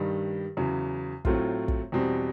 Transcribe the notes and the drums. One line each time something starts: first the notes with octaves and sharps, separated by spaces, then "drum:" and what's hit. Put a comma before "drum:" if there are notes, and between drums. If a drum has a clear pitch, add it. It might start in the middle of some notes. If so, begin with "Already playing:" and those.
Already playing: G2 D#3 G3
E2 C#3 F#3
A2 F#3 A3 C4 F4, drum: kick
drum: kick
E2 B2 G3 C4